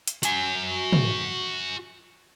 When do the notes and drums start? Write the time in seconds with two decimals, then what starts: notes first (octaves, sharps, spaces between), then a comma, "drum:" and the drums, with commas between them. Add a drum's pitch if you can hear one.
0.07 drum: hi-hat
0.23 F#4 G#5, drum: hi-hat
0.93 drum: tom